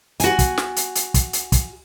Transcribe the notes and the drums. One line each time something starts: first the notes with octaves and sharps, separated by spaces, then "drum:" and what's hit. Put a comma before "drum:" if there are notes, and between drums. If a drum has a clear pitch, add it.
F#4 G#5, drum: hi-hat
drum: kick, hi-hat
drum: snare
drum: hi-hat
drum: hi-hat
drum: kick, hi-hat
drum: hi-hat
drum: kick, hi-hat